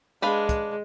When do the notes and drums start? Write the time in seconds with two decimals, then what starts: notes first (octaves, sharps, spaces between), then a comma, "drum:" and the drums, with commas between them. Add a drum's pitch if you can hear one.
0.22 G#3 D4 B4 F5
0.49 drum: kick, hi-hat